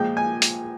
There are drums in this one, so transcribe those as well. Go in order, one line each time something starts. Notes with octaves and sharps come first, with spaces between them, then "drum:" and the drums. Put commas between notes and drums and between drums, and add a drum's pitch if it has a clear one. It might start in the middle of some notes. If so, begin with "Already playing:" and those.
Already playing: A#2 F3 G#3 G5
G#5
drum: hi-hat